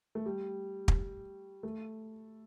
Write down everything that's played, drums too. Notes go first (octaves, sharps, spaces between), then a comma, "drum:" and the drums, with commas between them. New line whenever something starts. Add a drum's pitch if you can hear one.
A3
G3
drum: kick
A3